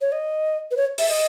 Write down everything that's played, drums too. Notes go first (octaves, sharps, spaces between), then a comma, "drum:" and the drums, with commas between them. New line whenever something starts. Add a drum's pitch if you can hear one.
C#5
D#5
B4
C#5
E5, drum: open hi-hat
D#5